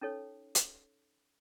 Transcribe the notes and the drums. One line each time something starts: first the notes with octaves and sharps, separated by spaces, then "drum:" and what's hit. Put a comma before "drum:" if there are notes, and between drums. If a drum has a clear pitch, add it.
C#4 D#4 A4 C#5
drum: hi-hat